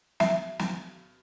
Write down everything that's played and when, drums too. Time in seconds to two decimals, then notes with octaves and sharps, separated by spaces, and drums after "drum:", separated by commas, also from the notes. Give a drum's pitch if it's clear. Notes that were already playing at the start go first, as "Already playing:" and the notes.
0.20 E5, drum: snare
0.59 drum: snare